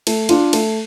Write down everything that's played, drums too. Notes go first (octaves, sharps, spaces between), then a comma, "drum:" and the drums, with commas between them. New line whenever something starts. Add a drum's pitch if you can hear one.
A3, drum: cymbal
D4 F4, drum: cymbal
A3, drum: cymbal